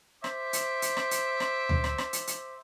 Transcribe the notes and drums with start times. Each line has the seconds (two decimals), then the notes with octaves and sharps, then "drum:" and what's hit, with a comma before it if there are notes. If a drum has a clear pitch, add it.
0.24 C5 E5 D6, drum: rim click
0.53 drum: hi-hat
0.82 drum: hi-hat
0.97 drum: rim click
1.11 drum: hi-hat
1.40 drum: rim click
1.69 drum: tom D2
1.84 drum: rim click
1.98 drum: rim click
2.13 drum: hi-hat
2.27 drum: hi-hat